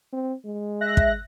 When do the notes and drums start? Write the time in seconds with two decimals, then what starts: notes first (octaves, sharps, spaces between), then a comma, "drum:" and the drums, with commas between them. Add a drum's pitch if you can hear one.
0.13 C4
0.45 G#3
0.80 E5 F#6 A#6
0.97 drum: kick